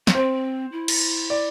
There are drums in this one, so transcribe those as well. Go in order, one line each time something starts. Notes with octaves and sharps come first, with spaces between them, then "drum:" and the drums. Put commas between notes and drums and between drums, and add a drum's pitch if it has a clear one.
B3, drum: snare
C4 C5
E4
drum: cymbal
D5